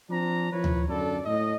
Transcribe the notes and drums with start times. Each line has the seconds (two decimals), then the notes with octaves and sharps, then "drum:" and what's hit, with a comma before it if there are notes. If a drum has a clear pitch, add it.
0.10 F3 C4 D4 A#5
0.52 F3 E4 B4 C#5
0.64 drum: tom D2
0.88 F#2 D3 A4 D5
1.25 A2 D#5